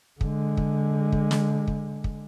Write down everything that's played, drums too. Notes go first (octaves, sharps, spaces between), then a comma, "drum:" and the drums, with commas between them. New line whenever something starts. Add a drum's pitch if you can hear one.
D3 G#3, drum: kick
drum: kick
drum: kick
drum: snare
drum: kick
drum: kick